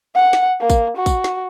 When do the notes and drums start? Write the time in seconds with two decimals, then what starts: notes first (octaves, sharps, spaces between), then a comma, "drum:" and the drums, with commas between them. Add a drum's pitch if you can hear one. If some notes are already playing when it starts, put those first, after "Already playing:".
0.15 F#5
0.33 drum: snare
0.60 A#3
0.70 drum: kick, tambourine
0.97 F#4
1.06 drum: kick, tambourine
1.24 drum: snare